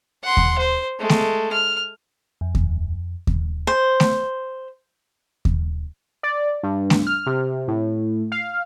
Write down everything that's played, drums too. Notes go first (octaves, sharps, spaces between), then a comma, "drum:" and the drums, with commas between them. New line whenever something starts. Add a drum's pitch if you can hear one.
F#5 C6
drum: kick D#2
C5
G#3 A3
drum: snare A3
F6
F2
drum: kick D#2
drum: kick D#2
C5
drum: snare A3
drum: kick D#2
D5
G2
drum: snare A3
F6
C3
A2
F5